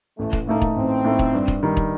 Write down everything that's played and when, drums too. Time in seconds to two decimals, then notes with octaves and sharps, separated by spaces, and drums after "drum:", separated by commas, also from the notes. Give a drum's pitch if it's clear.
0.18 A1 A3
0.33 drum: kick
0.47 A2 A3 A#3 D#4 A4
0.62 drum: kick
0.76 A1 C4
1.04 A2 A3 D#4 A4
1.19 drum: kick
1.34 G2
1.48 drum: kick
1.63 D#3 G3
1.77 drum: kick